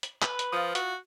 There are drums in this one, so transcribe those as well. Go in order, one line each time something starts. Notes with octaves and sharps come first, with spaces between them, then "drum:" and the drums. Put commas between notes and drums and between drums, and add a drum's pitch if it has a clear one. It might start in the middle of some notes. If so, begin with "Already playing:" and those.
drum: hi-hat
B4 B5, drum: clap
drum: hi-hat
F3 F4 D#6
F#4, drum: hi-hat